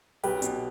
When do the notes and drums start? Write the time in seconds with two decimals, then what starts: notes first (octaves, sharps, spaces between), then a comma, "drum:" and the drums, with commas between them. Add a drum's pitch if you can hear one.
0.23 B1 G4 B4, drum: open hi-hat
0.42 B2, drum: hi-hat